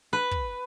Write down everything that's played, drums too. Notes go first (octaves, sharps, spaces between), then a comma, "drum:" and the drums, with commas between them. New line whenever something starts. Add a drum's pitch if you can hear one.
B4
drum: kick